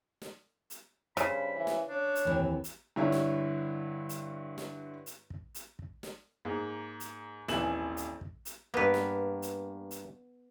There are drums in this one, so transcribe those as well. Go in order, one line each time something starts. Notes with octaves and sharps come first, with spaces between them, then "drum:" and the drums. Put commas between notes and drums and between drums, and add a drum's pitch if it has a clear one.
drum: snare
drum: hi-hat
G2 C#3 C5 B5, drum: hi-hat
E3
drum: snare
D4 C#5
drum: hi-hat
D#2 E3 C4
drum: kick
drum: hi-hat
G2 D3 E4 C#5 F5
drum: snare
drum: hi-hat
drum: snare
drum: hi-hat
drum: kick
drum: hi-hat
drum: kick
drum: snare
G#2 A#3
drum: hi-hat
D#1 G#1 E3 G#5 E7 F#7, drum: snare
drum: hi-hat
drum: kick
drum: hi-hat
G2 A#3 B3 B4
drum: snare
drum: hi-hat
drum: hi-hat